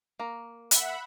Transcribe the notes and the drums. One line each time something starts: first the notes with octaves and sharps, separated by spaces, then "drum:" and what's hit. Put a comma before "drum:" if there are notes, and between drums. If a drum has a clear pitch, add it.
A#3 A#5
E5 F#5 B5, drum: hi-hat